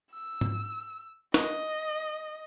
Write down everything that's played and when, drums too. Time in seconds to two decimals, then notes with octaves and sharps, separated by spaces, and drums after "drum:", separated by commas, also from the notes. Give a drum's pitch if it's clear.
0.13 E6
0.41 drum: tom G#2
1.34 D#5, drum: snare